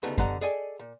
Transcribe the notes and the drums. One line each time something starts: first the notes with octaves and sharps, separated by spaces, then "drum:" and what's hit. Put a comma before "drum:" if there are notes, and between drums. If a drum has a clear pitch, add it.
D2 C#3 A3 B3 D#4 G4
B2 D3 G4 D#5 F#5 A#5, drum: kick F#2
G#4 A4 D5 D#5 G5 G#5
A#2